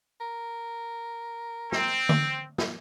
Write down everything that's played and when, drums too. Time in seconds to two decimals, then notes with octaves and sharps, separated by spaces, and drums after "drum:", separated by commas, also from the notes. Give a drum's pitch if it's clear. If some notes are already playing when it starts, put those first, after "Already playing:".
0.20 A#4
1.72 C4, drum: snare
2.09 drum: tom D3
2.58 drum: snare